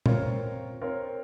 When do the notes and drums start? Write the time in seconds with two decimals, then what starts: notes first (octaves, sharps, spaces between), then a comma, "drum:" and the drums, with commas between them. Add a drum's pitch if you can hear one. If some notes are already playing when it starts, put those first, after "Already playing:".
0.06 C4 F4 A#4 C#5, drum: tom
0.81 C4 F4 A#4 C#5